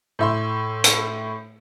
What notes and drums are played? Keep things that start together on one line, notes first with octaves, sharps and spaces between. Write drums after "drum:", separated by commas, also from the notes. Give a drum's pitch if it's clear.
A2 E5 C6
drum: hi-hat